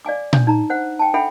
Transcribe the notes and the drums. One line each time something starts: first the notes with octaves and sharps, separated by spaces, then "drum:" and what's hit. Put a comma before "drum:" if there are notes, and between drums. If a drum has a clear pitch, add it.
D5 F5 G#5 D6
D4, drum: tom A#2
D#4 A#5
C5 F#5
G5 A5
D4 A4 E5 F#5 G5 B5